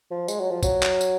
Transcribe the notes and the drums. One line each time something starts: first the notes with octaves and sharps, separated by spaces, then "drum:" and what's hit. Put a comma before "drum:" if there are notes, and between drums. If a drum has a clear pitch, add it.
F3
G#3, drum: tambourine
F#3
F3
F#3, drum: kick, tambourine
drum: clap
drum: tambourine